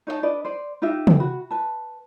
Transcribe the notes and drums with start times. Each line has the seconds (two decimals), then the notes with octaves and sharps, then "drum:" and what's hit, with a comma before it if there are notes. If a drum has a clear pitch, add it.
0.07 D#4 C#5 D#5 A5
0.23 D4 B4 D5 D#5
0.45 C5 D5
0.82 D#4 F4 G4 E5
1.07 drum: tom
1.20 F#4 B5
1.51 B4 A5